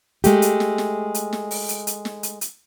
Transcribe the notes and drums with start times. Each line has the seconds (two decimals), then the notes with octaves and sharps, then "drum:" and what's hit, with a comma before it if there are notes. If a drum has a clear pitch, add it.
0.24 G#3 A3 G4, drum: hi-hat
0.42 drum: hi-hat
0.60 drum: snare
0.78 drum: snare
1.14 drum: hi-hat
1.33 drum: snare
1.51 drum: open hi-hat
1.69 drum: hi-hat
1.87 drum: hi-hat
2.05 drum: snare
2.23 drum: hi-hat
2.41 drum: hi-hat